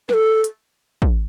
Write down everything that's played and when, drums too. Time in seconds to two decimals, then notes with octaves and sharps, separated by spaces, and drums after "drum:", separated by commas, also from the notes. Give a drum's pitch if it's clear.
0.09 B4, drum: snare
0.13 A4
0.44 drum: hi-hat
1.02 drum: kick